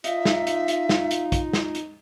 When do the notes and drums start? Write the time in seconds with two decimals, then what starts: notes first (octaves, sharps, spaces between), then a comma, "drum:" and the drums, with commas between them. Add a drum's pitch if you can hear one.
0.04 D#4 F4 E5 F5, drum: hi-hat
0.25 drum: snare
0.47 drum: hi-hat
0.68 drum: hi-hat
0.89 drum: snare
1.11 drum: hi-hat
1.32 drum: kick, hi-hat
1.53 drum: snare
1.75 drum: hi-hat